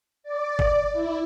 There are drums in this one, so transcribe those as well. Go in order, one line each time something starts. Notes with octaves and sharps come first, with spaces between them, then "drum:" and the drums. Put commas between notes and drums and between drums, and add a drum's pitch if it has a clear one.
D5
drum: kick
E4